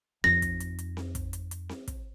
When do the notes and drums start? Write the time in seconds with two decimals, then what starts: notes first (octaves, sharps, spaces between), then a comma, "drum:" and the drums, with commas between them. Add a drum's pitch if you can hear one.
0.24 F2 D#4 A#6, drum: snare C4
0.42 drum: kick, hi-hat
0.60 drum: hi-hat
0.79 drum: hi-hat
0.97 drum: snare C4
1.15 drum: kick, hi-hat
1.33 drum: hi-hat
1.51 drum: hi-hat
1.69 drum: snare C4
1.88 drum: kick, hi-hat